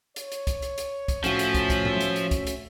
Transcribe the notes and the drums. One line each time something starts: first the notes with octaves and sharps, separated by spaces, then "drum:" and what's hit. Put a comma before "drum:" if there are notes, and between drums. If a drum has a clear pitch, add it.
C#5, drum: hi-hat
drum: hi-hat
drum: kick, hi-hat
drum: hi-hat
drum: hi-hat
drum: kick, hi-hat
A2 F3 C#4 F#4 E5, drum: hi-hat
drum: hi-hat
drum: kick, hi-hat
drum: kick, hi-hat
drum: tom A2
drum: hi-hat
drum: hi-hat
drum: kick, hi-hat
drum: hi-hat